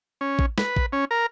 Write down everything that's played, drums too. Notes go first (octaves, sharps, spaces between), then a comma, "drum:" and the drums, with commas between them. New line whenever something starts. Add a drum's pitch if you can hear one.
C#4
drum: kick
B4, drum: snare
drum: kick
C#4
A#4